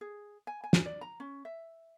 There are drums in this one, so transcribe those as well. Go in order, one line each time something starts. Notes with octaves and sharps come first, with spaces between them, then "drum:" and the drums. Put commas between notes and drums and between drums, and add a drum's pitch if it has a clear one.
G#4
G#5
G#5
drum: snare
D5
A#5
C#4
E5